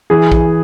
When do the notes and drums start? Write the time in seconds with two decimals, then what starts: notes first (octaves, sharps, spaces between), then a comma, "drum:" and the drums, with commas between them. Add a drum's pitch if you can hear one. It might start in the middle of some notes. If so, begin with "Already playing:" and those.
0.10 E3 G#4
0.32 drum: kick A#1